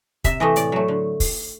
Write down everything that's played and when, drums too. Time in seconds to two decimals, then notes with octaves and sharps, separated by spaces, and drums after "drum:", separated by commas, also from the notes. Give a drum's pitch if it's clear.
0.24 C3 E5, drum: kick, hi-hat
0.40 E3 A3 D#5
0.56 A2 D5, drum: hi-hat
0.72 F#3 A3
0.88 D3
1.20 drum: kick, open hi-hat